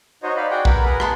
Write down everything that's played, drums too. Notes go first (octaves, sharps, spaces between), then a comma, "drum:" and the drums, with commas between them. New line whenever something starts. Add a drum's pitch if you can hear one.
D#4 F#4 C5 C#5 D#5
C5 D5 F5 B5
F#4 G#4 D5 F#5 G5
A#4 B4 B5, drum: kick A#1
G#4 A#4 B4 F#5
B3 G#4 A5 C6 F#6, drum: rim click